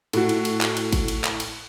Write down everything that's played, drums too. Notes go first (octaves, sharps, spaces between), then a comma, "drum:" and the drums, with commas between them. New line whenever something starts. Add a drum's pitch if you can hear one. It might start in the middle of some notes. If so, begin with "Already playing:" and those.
A2 F#4, drum: cymbal
drum: cymbal
drum: cymbal
drum: clap
drum: cymbal
drum: kick, cymbal
drum: cymbal
drum: clap
drum: cymbal